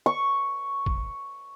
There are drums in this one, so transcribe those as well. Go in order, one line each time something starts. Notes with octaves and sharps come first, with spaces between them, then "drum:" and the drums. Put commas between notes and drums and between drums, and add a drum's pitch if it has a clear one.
C#6
drum: kick